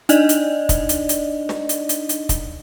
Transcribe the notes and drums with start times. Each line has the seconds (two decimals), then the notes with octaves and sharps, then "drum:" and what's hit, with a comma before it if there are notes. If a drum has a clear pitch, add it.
0.09 D4 D#4 D5 D#5, drum: hi-hat
0.29 drum: hi-hat
0.69 drum: kick, hi-hat
0.89 drum: hi-hat
1.09 drum: hi-hat
1.49 drum: snare
1.69 drum: hi-hat
1.89 drum: hi-hat
2.09 drum: hi-hat
2.29 drum: kick, hi-hat